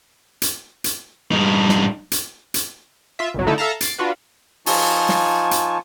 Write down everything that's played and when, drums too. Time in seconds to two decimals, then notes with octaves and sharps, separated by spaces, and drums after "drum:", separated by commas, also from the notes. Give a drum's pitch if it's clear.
0.42 drum: hi-hat
0.84 drum: hi-hat
1.31 G2 D#4
1.69 drum: snare
2.11 drum: hi-hat
2.54 drum: hi-hat
3.19 F4 E5
3.34 G#1 C#2 F#3
3.47 D3 A3 D#4 E4 A4
3.58 A4 E5 F5 A5 A#5
3.81 A6 C7 D7, drum: hi-hat
3.98 D4 F4 F#4 B4
4.66 F3 D#4 F4 G#5 A5 C#6, drum: open hi-hat
5.09 drum: snare
5.51 drum: hi-hat